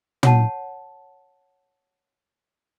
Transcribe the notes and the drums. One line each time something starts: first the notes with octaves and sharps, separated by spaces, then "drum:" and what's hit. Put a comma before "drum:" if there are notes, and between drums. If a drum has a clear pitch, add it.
C#5 F#5 A5, drum: tom